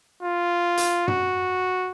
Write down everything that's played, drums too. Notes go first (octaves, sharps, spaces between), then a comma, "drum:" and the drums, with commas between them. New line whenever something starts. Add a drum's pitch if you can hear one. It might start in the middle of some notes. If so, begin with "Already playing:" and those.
F4
drum: hi-hat
F#4, drum: tom